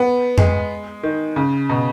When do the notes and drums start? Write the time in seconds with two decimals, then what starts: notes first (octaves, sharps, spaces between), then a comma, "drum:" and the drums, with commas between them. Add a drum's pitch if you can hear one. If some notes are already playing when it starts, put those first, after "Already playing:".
Already playing: B3
0.38 G#3, drum: tom F2
1.03 D#3
1.36 C#3
1.70 B2